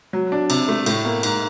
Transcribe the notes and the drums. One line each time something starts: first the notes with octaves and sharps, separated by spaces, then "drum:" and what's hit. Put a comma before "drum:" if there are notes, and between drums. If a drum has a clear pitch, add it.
F#3
D4
C3, drum: cymbal
A3
A2, drum: cymbal
A#3
G#2, drum: cymbal